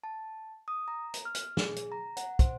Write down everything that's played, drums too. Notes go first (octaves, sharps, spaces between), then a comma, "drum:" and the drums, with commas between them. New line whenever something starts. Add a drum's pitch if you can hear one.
A5
D#6
A#5
drum: hi-hat
F6
drum: hi-hat
G#4, drum: snare
drum: hi-hat
A#5
F#5, drum: hi-hat
C5, drum: kick, hi-hat